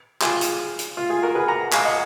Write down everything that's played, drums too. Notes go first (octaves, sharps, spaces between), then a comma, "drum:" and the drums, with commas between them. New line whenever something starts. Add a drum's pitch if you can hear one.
F4 G#4, drum: clap
drum: hi-hat
drum: hi-hat
F4
F4 G#4
F#4 A#4
G#4 B4
F#5 A#5
F5 G#5, drum: clap
D#5 F#5